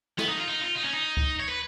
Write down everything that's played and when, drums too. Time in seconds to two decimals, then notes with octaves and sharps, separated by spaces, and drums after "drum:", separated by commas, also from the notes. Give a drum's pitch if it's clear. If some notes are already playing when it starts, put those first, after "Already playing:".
0.18 B3, drum: snare
0.29 D#4
0.38 F4
0.47 D#4
0.61 F4
0.75 D#4
0.84 C#4
0.94 D#4
1.17 drum: kick C#2
1.40 C#5
1.49 B4